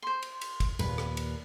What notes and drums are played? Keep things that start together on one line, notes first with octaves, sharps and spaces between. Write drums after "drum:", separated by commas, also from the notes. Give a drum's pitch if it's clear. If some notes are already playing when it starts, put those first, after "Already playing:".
C5 C6
drum: cymbal
drum: cymbal
drum: kick, cymbal
D#2 A#2 B4, drum: cymbal
drum: rim click
drum: cymbal